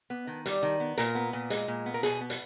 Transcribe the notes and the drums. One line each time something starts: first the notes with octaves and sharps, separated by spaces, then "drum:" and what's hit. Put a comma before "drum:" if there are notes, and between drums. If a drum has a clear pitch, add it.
B3
D#3
G3, drum: hi-hat
D#3
B3
A#2 A#4, drum: hi-hat
B3
A#2
G#3, drum: hi-hat
A#2
B3
A#4
B2 G#4, drum: hi-hat
B3
drum: hi-hat